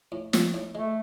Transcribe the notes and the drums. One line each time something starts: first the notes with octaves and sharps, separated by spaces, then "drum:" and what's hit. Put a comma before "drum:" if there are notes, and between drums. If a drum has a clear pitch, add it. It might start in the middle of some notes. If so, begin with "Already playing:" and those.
A2
F3, drum: snare
A2
G#3 A3